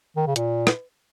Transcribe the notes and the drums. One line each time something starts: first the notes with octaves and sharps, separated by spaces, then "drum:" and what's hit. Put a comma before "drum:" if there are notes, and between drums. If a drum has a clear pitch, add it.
D#3
C#3
A#2, drum: hi-hat
drum: rim click